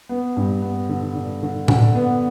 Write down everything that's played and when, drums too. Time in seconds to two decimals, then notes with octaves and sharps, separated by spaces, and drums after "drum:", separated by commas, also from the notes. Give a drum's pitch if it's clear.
0.09 B3
0.37 G2
0.62 B3
0.89 D3
1.15 D3
1.43 D3
1.68 D3, drum: tom A2
1.95 B3